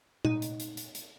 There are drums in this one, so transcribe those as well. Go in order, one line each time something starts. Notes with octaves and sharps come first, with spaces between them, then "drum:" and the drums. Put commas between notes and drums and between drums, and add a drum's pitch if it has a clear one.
D#4, drum: tom A#2
drum: hi-hat
drum: hi-hat
drum: hi-hat
drum: hi-hat